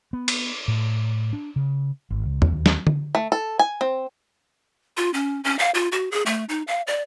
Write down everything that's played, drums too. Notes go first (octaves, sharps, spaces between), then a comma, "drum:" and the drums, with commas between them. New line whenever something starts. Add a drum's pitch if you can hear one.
B3
drum: cymbal
A2
D4
C#3
G#1
C#2
drum: tom
D#2
drum: snare
drum: tom D3
A3
A4
G#5
C4
F4
C#4
C#4
F5
F4
F#4
G#4
A3
D#4
F5
D5